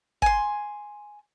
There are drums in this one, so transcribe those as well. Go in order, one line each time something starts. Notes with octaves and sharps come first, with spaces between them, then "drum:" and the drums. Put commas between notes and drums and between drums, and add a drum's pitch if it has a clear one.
G#5 C6, drum: kick G1